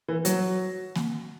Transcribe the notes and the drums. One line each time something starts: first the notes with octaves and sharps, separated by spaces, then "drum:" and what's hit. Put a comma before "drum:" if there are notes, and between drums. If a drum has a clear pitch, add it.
E3
F#3, drum: hi-hat
drum: snare A#3